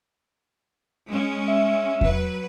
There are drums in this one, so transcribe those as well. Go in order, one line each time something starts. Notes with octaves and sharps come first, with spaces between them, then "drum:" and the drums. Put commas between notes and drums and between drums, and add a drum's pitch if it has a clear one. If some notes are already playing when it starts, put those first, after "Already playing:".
G#3 C#4
E5
F#3 B4, drum: kick E2